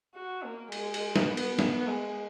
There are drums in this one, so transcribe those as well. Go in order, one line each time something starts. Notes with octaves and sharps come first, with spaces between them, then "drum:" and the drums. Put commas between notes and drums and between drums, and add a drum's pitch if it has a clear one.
F#4
A#3
G#3, drum: cymbal
drum: cymbal
B3, drum: snare
drum: cymbal
B3, drum: snare
G#3